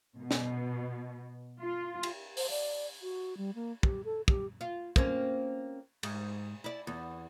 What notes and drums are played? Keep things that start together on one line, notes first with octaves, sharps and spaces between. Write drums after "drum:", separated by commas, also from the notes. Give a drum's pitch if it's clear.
B2
drum: snare
F4
drum: cymbal
C5, drum: open hi-hat
D5
F#4
G3
A#3
G4, drum: kick
A4
G4, drum: kick
F4
A#3 C4 C#4, drum: kick
G#2, drum: cymbal
E4 D5
E2